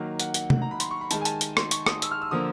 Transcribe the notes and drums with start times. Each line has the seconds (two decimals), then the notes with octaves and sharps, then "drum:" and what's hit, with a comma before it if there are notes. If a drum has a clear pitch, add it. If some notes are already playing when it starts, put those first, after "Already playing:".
Already playing: D#3 F#3 A#3
0.20 F#5, drum: hi-hat
0.34 F#5, drum: hi-hat
0.50 drum: tom
0.62 A#5
0.71 B5
0.80 C6, drum: hi-hat
0.91 C#6
1.01 B5
1.11 D#3 G#3 A5, drum: hi-hat
1.21 G#5
1.25 A5, drum: hi-hat
1.41 drum: hi-hat
1.57 C6, drum: rim click
1.71 C#6, drum: hi-hat
1.86 D#6, drum: rim click
2.02 E6, drum: hi-hat
2.11 F6
2.22 E6
2.31 D3 F3 A#3 D#6